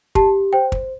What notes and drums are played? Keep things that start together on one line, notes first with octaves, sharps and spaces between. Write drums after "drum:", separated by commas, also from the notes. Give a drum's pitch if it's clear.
G4 A5, drum: kick
C5 G5
drum: kick